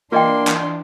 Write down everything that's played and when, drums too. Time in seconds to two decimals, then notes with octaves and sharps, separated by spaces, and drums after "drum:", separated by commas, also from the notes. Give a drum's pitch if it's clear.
0.12 E3 A#3 D4 F4 D#5 G5 C6
0.47 drum: clap